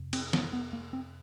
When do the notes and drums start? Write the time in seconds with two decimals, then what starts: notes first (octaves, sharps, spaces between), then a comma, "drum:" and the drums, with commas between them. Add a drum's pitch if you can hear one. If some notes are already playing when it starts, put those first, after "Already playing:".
Already playing: F2 C3
0.13 C4, drum: cymbal
0.33 B3, drum: snare
0.53 B3
0.73 A#3
0.93 C4